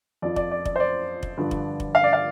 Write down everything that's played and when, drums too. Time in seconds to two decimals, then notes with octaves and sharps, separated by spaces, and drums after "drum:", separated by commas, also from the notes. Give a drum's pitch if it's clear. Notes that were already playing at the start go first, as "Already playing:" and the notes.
0.22 F2 F3 D5
0.36 D5, drum: kick F1
0.51 D5
0.65 D5, drum: kick F1
0.76 C5
0.80 D5
1.23 drum: kick F1
1.37 G2 D3 F3
1.51 drum: kick F1
1.80 drum: kick F1
1.95 F5
2.04 D5
2.13 F5